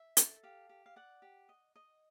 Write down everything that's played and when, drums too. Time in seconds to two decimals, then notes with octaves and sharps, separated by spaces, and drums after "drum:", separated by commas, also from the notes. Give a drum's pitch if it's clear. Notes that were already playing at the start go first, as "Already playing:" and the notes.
Already playing: E5
0.17 A4, drum: hi-hat
0.43 G4 F5
0.69 G4
0.86 F5
0.96 D5 F#5
1.22 G4
1.49 D#5
1.76 D#5